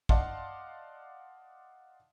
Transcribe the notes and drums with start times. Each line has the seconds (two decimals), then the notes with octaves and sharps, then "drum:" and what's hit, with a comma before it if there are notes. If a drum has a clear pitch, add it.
0.09 D5 D#5 F5 F#5 A5 C6, drum: kick